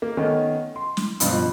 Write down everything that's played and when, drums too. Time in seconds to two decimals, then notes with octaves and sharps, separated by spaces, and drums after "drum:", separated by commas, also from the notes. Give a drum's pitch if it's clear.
0.02 A#3
0.17 D#3 A3 B3 C#4
0.76 C6
0.97 drum: snare
1.20 C#2 G2 B2 F3, drum: hi-hat